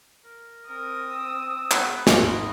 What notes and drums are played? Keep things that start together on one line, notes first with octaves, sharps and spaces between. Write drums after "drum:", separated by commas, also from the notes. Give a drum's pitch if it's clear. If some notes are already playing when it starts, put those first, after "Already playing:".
A#4
C4 A#4 D#6
E6
B3 B4, drum: clap
G#1 A#5 C6, drum: snare